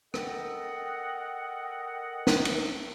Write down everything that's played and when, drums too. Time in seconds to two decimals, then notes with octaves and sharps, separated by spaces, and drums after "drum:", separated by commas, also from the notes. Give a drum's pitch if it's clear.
0.14 A4 A#4 D#5 F#5 G5, drum: rim click
2.27 drum: snare
2.45 drum: cymbal